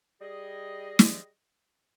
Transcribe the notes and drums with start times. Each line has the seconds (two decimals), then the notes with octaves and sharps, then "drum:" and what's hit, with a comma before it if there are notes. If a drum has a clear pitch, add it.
0.21 G3 G#4 D#5
0.99 drum: snare